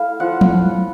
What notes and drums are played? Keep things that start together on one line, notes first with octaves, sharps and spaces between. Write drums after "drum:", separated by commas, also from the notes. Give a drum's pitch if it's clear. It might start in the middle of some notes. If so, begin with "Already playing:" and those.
Already playing: A3 E4 F5
F3 F#5
drum: tom F3